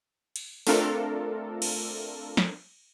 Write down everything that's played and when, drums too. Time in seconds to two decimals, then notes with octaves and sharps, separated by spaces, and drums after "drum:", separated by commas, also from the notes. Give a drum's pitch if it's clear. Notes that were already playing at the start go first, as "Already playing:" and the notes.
0.36 drum: cymbal
0.67 A3 C4 D4 F4 A4 A#4, drum: open hi-hat
1.62 drum: cymbal
2.37 drum: snare